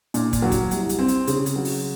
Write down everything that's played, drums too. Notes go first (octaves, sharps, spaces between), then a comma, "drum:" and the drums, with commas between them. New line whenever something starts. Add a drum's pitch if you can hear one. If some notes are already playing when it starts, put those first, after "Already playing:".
A#2, drum: hi-hat
drum: kick, hi-hat
F#3
drum: kick, hi-hat
C2, drum: hi-hat
drum: hi-hat
C4
drum: hi-hat
C#3, drum: hi-hat
drum: hi-hat
F#3
drum: open hi-hat